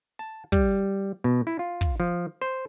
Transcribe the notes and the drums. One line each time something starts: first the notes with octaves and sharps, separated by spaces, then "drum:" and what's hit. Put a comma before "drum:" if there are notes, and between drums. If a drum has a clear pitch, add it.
A5
G3, drum: kick
B2
E4
F4
drum: kick
F3
C5